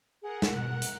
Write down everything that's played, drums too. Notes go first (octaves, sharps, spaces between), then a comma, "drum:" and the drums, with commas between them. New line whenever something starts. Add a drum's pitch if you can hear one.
G#4 A#4 F#5
drum: snare
B2 F#6
drum: hi-hat